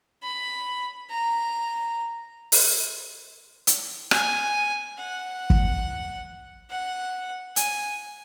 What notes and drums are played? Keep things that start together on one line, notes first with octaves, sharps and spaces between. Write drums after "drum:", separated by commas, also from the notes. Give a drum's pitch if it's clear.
B5
A#5
drum: open hi-hat
drum: hi-hat
G#5, drum: rim click
F#5
drum: kick
F#5
G#5, drum: hi-hat